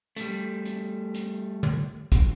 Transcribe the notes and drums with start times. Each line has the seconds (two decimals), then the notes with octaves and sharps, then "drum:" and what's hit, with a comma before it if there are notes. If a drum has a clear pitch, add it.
0.16 G3 A3, drum: hi-hat
0.65 drum: hi-hat
1.14 drum: hi-hat
1.63 drum: tom
2.12 drum: kick, hi-hat